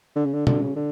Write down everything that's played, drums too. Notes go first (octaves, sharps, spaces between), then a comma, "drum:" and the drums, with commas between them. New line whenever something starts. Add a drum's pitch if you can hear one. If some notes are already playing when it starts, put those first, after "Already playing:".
D3
C#3
D3
D3, drum: tom
C#3
D3